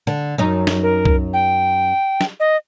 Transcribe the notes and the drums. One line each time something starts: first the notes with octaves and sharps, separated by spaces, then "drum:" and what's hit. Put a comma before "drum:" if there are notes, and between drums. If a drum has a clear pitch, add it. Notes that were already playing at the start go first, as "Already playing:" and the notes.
D3
F#2 D#4
drum: snare
A#4
drum: kick C2
G5
drum: snare
D#5